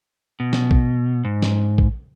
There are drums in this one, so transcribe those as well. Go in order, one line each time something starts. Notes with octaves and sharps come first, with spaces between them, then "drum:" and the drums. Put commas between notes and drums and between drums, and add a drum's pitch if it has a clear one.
B2
drum: snare
drum: kick
G#2
drum: snare
drum: kick